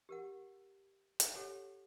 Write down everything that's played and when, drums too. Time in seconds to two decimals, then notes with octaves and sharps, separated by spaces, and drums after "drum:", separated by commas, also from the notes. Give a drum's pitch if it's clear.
0.09 G4 A#4 F#5
1.20 drum: hi-hat
1.33 G4 A4 C#5 F#5 G#5